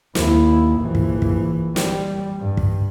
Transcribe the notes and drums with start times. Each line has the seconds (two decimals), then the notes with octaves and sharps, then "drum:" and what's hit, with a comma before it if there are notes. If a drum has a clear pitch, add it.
0.15 D#2 E4, drum: snare
0.81 A#1 E3
0.95 drum: kick
1.22 drum: kick
1.76 G3, drum: snare
2.41 G2
2.57 drum: kick